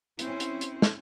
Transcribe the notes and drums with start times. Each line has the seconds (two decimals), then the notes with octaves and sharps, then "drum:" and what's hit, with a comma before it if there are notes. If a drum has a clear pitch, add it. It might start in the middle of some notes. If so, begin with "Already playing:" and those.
0.19 C4 C#4 E4 C5, drum: hi-hat
0.40 drum: hi-hat
0.61 drum: hi-hat
0.82 drum: snare